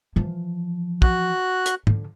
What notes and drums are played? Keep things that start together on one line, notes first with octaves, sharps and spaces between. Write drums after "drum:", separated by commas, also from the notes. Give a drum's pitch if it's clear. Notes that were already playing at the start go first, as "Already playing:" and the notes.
E3 F3
F#4 F#6, drum: kick
drum: hi-hat
D3 F3, drum: tom G#2